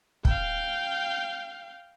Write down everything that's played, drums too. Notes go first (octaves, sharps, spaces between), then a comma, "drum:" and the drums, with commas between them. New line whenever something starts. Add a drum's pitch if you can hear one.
F5 G5, drum: kick